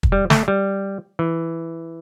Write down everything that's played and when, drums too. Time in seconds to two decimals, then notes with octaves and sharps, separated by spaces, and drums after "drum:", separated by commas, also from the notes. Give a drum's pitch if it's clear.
0.03 drum: kick
0.12 G3
0.30 A3, drum: snare
0.48 G3
1.19 E3